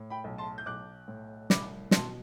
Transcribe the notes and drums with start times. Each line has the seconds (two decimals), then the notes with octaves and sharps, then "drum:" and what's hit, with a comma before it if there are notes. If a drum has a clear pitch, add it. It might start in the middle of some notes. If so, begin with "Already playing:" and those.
Already playing: A2
0.10 G5 B5
0.24 B1
0.38 A5 C6
0.58 G6
0.66 B1 D6 F#6
1.08 A2
1.50 C2 B5 D6, drum: snare
1.91 B2 A5 C6, drum: snare